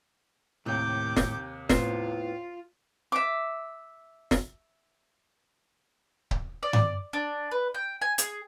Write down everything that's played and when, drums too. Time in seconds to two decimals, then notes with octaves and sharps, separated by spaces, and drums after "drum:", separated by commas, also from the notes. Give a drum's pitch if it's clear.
0.66 D#2 A2 C3 D#3 D6 G6
1.16 drum: snare
1.69 A2 B3 C4 F4 C5, drum: snare
3.12 E5 D6
4.31 drum: snare
6.31 drum: kick C#1
6.63 D5
6.73 drum: tom G2
7.13 D4
7.51 B4
7.74 G5
8.02 G#5
8.18 G#4, drum: hi-hat